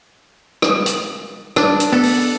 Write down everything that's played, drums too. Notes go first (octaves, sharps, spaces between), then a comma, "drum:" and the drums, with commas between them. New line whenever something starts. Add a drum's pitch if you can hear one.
drum: rim click
drum: hi-hat
D4, drum: rim click
drum: hi-hat
B3 A4
drum: open hi-hat